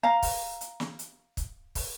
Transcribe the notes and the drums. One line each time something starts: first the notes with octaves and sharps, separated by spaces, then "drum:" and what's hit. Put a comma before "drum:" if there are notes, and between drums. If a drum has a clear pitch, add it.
F5 A#5
drum: kick, open hi-hat
drum: hi-hat
drum: snare
drum: hi-hat
drum: kick, hi-hat
drum: kick, open hi-hat